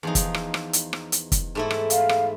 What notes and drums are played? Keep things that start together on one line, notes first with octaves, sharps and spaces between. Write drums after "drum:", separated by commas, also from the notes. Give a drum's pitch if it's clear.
E2 F3 D#4
drum: kick, hi-hat
drum: rim click
drum: rim click
drum: hi-hat
drum: rim click
drum: hi-hat
drum: kick, hi-hat
G#2 A3 E4
drum: rim click
F5, drum: hi-hat
drum: rim click